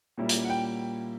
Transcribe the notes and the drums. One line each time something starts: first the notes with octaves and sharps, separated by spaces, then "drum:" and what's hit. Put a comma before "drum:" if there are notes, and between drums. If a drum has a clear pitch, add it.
A#2 G3 A#3 C#4 E4
drum: hi-hat
F#5
G5